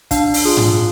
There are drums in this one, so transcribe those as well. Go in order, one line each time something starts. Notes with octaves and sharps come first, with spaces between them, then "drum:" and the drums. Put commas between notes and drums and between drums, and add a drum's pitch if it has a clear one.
D4 F5, drum: kick, hi-hat
drum: open hi-hat
F4 G#4
drum: tom G#2